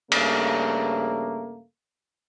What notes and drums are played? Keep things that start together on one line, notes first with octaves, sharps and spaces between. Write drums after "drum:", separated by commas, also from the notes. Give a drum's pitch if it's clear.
G2 C#3 A3 A#3, drum: cymbal